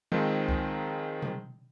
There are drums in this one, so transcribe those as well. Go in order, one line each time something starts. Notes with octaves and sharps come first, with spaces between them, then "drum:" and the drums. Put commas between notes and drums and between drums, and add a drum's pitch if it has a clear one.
D#3 F3 G#3 C4 D#4
drum: kick C2
drum: tom B2